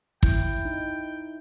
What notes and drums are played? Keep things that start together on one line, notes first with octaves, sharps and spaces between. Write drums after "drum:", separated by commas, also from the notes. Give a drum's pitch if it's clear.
E4 G5, drum: kick
D#4